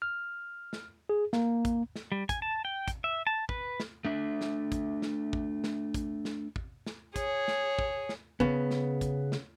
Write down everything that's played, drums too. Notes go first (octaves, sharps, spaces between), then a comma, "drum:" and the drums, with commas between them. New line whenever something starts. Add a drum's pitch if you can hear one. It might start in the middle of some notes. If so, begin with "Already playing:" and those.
F6
drum: snare
G#4
A#3, drum: snare
drum: kick, hi-hat
drum: snare
G3
G#5, drum: kick, hi-hat
A5
G5
drum: kick, hi-hat
E5
A5
B4, drum: kick
drum: snare
A3 D4 E5
drum: snare
drum: kick, hi-hat
drum: snare
drum: kick
drum: snare
drum: kick, hi-hat
drum: snare
drum: kick
drum: snare
G#4 C#5, drum: kick, hi-hat
drum: snare
drum: kick
drum: snare
C#3 B3, drum: kick
drum: snare
drum: kick, hi-hat
drum: snare